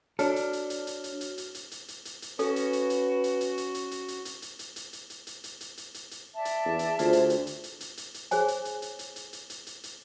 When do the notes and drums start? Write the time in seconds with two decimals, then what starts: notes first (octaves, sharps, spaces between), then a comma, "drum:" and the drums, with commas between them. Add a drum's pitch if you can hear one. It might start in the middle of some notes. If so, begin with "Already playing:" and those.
0.19 D4 F#4 A4 C#5 F6, drum: hi-hat
0.36 drum: hi-hat
0.53 drum: hi-hat
0.70 drum: hi-hat
0.87 drum: hi-hat
1.04 drum: hi-hat
1.21 drum: hi-hat
1.38 drum: hi-hat
1.55 drum: hi-hat
1.72 drum: hi-hat
1.88 drum: hi-hat
2.05 drum: hi-hat
2.22 drum: hi-hat
2.39 C#4 F#4 A4 B4, drum: hi-hat
2.56 drum: hi-hat
2.73 drum: hi-hat
2.90 drum: hi-hat
3.24 drum: hi-hat
3.41 drum: hi-hat
3.58 drum: hi-hat
3.75 drum: hi-hat
3.91 drum: hi-hat
4.08 drum: hi-hat
4.25 drum: hi-hat
4.42 drum: hi-hat
4.59 drum: hi-hat
4.76 drum: hi-hat
4.93 drum: hi-hat
5.10 drum: hi-hat
5.27 drum: hi-hat
5.44 drum: hi-hat
5.61 drum: hi-hat
5.78 drum: hi-hat
5.94 drum: hi-hat
6.11 drum: hi-hat
6.35 D5 E5 A5
6.45 drum: hi-hat
6.65 E2
6.79 drum: hi-hat
6.99 D2 F4 G#4 C5, drum: hi-hat
7.13 drum: hi-hat
7.30 drum: hi-hat
7.47 drum: hi-hat
7.64 drum: hi-hat
7.81 drum: hi-hat
7.97 drum: hi-hat
8.14 drum: hi-hat
8.31 G#4 C5 C#5 G#5, drum: hi-hat
8.48 drum: hi-hat
8.65 drum: hi-hat
8.82 drum: hi-hat
8.99 drum: hi-hat
9.16 drum: hi-hat
9.33 drum: hi-hat
9.50 drum: hi-hat
9.67 drum: hi-hat
9.84 drum: hi-hat